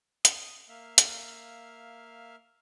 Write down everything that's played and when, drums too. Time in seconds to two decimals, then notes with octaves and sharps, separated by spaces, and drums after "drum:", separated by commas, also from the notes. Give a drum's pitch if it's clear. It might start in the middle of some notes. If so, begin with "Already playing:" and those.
0.25 D#6, drum: hi-hat
0.69 A#3 E5 F5
0.98 drum: hi-hat